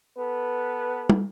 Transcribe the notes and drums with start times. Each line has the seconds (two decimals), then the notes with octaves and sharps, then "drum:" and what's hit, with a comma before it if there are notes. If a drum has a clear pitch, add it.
0.16 B3 A4 B4
1.10 drum: tom